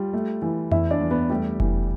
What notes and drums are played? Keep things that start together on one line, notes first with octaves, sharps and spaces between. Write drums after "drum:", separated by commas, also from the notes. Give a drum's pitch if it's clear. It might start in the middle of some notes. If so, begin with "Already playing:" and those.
Already playing: G3 F4
A3
E3
E2 E4 E5, drum: tom F2
D4 D5
E2
B3 B4
G3 A3 G4
E3, drum: kick F1